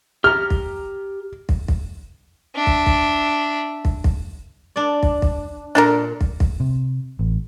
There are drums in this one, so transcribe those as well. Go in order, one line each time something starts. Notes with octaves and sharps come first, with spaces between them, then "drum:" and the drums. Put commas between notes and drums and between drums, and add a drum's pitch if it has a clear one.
G4 A#5 F6
drum: kick
drum: kick
drum: kick
D4 E5
drum: kick
drum: kick
drum: kick
drum: kick
D4 D5
drum: kick
drum: kick
A#2 D4 A4 A#4
drum: kick
drum: kick
C3
A1